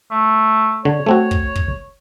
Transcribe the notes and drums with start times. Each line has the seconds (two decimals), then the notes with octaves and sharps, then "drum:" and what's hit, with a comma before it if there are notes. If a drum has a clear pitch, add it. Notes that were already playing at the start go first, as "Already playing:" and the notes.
0.11 A3
0.85 D3 C#5
1.06 A3 C4 F#4
1.31 drum: kick
1.55 drum: kick